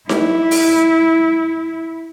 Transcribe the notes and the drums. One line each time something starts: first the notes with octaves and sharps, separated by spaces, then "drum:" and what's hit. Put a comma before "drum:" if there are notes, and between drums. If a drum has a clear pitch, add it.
E4, drum: snare D#4
drum: open hi-hat